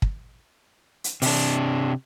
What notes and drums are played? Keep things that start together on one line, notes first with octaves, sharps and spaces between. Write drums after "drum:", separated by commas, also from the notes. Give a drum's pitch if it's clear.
drum: kick
drum: hi-hat
C3 D4, drum: open hi-hat